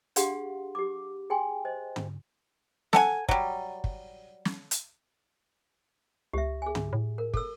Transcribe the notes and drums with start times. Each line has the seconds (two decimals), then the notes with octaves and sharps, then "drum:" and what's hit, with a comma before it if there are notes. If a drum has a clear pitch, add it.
0.16 D4 G4 G#4 F5 F#5 C6, drum: hi-hat
0.75 G4 D6
1.30 G#4 G5 G#5 C6
1.65 C5 D#5
1.96 drum: tom
2.93 A4 F#5 G#5, drum: snare
3.29 F#3 G3, drum: kick
3.84 drum: kick
4.45 drum: snare
4.71 drum: hi-hat
6.33 C#2 G4 E5
6.62 G#4 G#5
6.75 drum: tom
6.93 A2
7.18 A#4
7.34 A4 E6, drum: kick